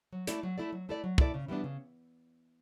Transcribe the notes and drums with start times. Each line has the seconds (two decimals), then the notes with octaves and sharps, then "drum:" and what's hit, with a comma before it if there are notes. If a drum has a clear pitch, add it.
0.13 F#3
0.27 A3 E4 A4 D5, drum: hi-hat
0.43 F#3
0.58 A3 E4 A4 D5
0.72 F#3
0.89 A3 E4 A4 D5
1.04 F#3
1.18 A3 E4 A4 D5, drum: kick
1.34 C#3
1.48 E3 G3 B3 D4
1.64 C#3